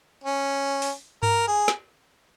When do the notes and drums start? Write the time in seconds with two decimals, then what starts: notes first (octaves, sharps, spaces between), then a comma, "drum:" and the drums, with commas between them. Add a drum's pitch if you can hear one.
0.24 C#4
0.82 drum: open hi-hat
1.23 A#4, drum: tom G2
1.48 G#4
1.68 drum: snare